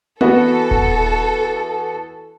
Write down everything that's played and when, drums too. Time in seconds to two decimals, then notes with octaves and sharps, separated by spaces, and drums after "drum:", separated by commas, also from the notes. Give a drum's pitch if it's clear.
0.21 E3 B3 F#4 A4, drum: tom B3
0.71 drum: kick D#1